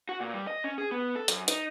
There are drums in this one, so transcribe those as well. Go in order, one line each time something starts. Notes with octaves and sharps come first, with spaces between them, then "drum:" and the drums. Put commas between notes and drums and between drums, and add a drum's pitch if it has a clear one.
F#4
A#2
G3
D#5
C#4
G#4
B3
A4
F#2, drum: hi-hat
D#4, drum: hi-hat